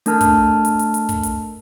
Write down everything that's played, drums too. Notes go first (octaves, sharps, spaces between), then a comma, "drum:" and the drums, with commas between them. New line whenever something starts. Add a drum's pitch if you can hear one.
A3 D4 A#4 A5 F6, drum: hi-hat
drum: kick, hi-hat
drum: hi-hat
drum: hi-hat
drum: hi-hat
drum: kick, hi-hat
drum: hi-hat